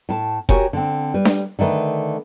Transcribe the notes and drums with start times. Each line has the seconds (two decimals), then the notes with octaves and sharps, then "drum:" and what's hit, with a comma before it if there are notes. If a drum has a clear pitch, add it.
0.09 A2 A5
0.49 F#4 G4 A#4 C#5 G#5, drum: kick F1
0.73 D3 C4
1.14 G3 B4
1.25 drum: snare D4
1.59 D3 D#3 A3 B4